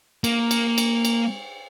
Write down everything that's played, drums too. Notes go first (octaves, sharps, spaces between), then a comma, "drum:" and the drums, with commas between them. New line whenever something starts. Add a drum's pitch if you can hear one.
A#3, drum: cymbal
drum: cymbal
drum: cymbal
drum: cymbal